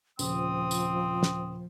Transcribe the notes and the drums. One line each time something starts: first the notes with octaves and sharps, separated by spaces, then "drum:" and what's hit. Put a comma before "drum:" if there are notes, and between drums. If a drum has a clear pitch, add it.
D#1 C#3 F3 C4 D#6, drum: tambourine
drum: tambourine
drum: snare